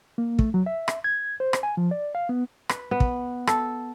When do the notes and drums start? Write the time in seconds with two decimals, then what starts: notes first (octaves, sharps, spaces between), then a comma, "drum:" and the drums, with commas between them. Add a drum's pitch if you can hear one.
0.18 A#3
0.39 A3, drum: kick
0.54 F#3
0.66 E5
0.88 drum: rim click
1.04 G#6
1.40 C5
1.53 drum: rim click
1.63 G#5
1.77 F3
1.91 D5
2.15 F5
2.29 B3
2.69 B4, drum: rim click
2.91 B3
3.00 drum: kick
3.47 A4, drum: rim click